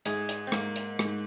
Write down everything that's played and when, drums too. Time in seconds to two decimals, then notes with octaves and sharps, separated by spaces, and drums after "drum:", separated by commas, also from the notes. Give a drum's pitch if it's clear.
0.06 G#2 G#3, drum: hi-hat
0.29 drum: hi-hat
0.47 C4
0.52 G#2 A#3, drum: rim click
0.76 drum: hi-hat
0.99 G#2, drum: rim click